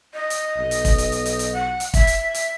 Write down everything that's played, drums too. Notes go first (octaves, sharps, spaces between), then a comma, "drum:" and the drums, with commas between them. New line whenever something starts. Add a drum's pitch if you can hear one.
D#5
drum: hi-hat
B1
drum: hi-hat
drum: kick, hi-hat
drum: hi-hat
drum: hi-hat
drum: hi-hat
drum: hi-hat
F#5
drum: hi-hat
E5, drum: kick, hi-hat
drum: hi-hat
drum: hi-hat